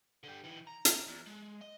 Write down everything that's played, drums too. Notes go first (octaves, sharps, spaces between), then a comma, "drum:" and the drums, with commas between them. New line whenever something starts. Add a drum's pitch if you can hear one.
D3 G4
D#3 E3
A#5
drum: hi-hat
E2
G#3
D#5